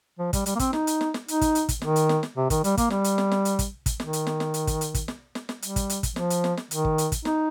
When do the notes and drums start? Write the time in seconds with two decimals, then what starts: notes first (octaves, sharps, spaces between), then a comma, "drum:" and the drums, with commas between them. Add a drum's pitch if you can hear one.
0.19 F3
0.33 G3, drum: kick, hi-hat
0.46 G3, drum: hi-hat
0.56 A#3
0.59 C4, drum: kick, hi-hat
0.73 D#4, drum: snare
0.87 drum: hi-hat
1.01 drum: snare
1.14 drum: snare
1.28 D#4, drum: hi-hat
1.41 drum: kick, hi-hat
1.55 drum: hi-hat
1.69 drum: kick, hi-hat
1.82 D#3, drum: snare
1.96 drum: hi-hat
2.09 drum: snare
2.23 drum: snare
2.37 C3
2.50 D#3, drum: kick, hi-hat
2.64 G3, drum: hi-hat
2.77 A#3, drum: kick, hi-hat
2.90 G3, drum: snare
3.04 drum: hi-hat
3.18 drum: snare
3.32 drum: snare
3.45 drum: hi-hat
3.59 drum: kick, hi-hat
3.86 drum: kick, hi-hat
4.00 D#3, drum: snare
4.13 drum: hi-hat
4.27 drum: snare
4.40 drum: snare
4.54 drum: hi-hat
4.67 drum: kick, hi-hat
4.81 drum: hi-hat
4.94 drum: kick, hi-hat
5.08 drum: snare
5.35 drum: snare
5.49 drum: snare
5.62 G3, drum: hi-hat
5.76 drum: kick, hi-hat
5.90 drum: hi-hat
6.03 drum: kick, hi-hat
6.16 F3, drum: snare
6.30 drum: hi-hat
6.44 drum: snare
6.57 drum: snare
6.71 D#3, drum: hi-hat
6.85 drum: kick
6.98 drum: hi-hat
7.12 drum: kick, hi-hat
7.25 D#4, drum: snare